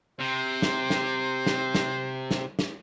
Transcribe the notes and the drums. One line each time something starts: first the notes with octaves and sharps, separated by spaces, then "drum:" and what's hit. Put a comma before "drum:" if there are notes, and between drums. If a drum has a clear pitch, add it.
C3 C5
drum: snare
drum: snare
drum: snare
drum: snare
drum: snare
drum: snare